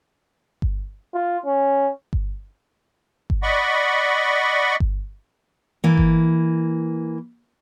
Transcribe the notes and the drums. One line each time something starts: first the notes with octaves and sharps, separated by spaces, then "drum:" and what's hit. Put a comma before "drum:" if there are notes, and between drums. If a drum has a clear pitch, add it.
drum: kick G1
F4
C#4
drum: kick G1
drum: kick G1
D5 D#5 F#5 B5 C#6
drum: kick G1
E3 A#3
drum: kick G1